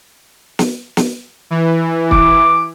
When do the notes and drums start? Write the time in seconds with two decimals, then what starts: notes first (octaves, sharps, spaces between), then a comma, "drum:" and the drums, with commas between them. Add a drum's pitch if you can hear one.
0.59 drum: snare
0.97 drum: snare
1.50 E3
2.11 D6, drum: kick